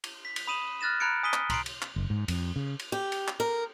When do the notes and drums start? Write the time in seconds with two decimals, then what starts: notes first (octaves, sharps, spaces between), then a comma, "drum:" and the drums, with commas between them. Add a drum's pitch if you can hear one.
0.04 drum: cymbal
0.25 B6
0.36 drum: cymbal
0.47 B5 D#6 D#7 E7 F#7
0.81 F6 F#6 A6 A#6 E7
1.00 A#5 B5 F#6 G#6 C#7 D7
1.23 G#5 D#6 B6 D#7 G7
1.33 drum: clap
1.50 A#5 C6 C7 D7, drum: kick C2, cymbal
1.66 drum: cymbal
1.82 drum: clap
1.96 F#1
2.10 G#2
2.28 F2, drum: cymbal
2.56 C#3
2.79 drum: cymbal
2.92 G4
3.12 drum: cymbal
3.28 drum: clap
3.40 A#4